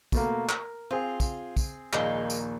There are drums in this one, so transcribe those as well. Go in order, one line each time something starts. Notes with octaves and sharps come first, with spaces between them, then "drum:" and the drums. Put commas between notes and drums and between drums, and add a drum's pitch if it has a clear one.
B2 A3 A#3, drum: kick, tambourine
A#4, drum: clap
C4 F4 G#4
drum: kick, tambourine
drum: kick, tambourine
A#1 D#2 G#3 A#3 D#4, drum: clap
drum: tambourine